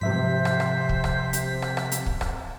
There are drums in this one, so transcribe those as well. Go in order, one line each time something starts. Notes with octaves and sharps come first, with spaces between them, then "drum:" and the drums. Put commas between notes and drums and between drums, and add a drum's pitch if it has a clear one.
G#2 C3 F3 F#3 C5 E5 B6
drum: rim click
drum: rim click
drum: kick
drum: rim click
drum: hi-hat
drum: rim click
drum: rim click
drum: hi-hat
drum: kick
drum: rim click